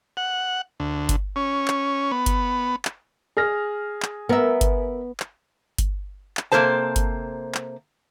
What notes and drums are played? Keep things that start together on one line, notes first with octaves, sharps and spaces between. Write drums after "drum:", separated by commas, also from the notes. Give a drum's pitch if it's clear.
F#5
D2
drum: kick G1, hi-hat
C#4
drum: clap
B3
drum: kick G1, hi-hat
drum: clap
G#4 F6 A#6
drum: clap
B3 A#4 E5
drum: kick G1, hi-hat
drum: clap
drum: kick G1, hi-hat
drum: clap
C3 D#3 A#3 A4 C5 A5
drum: kick G1, hi-hat
drum: clap